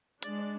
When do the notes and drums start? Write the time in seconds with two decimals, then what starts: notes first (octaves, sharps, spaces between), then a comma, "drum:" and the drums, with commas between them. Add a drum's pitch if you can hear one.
0.23 G#3 D4 D5, drum: hi-hat